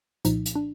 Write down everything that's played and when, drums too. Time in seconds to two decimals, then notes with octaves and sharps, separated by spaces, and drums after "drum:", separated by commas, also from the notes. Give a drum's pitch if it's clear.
0.25 C2 A#2 F3 D#4, drum: hi-hat
0.46 drum: hi-hat
0.55 D4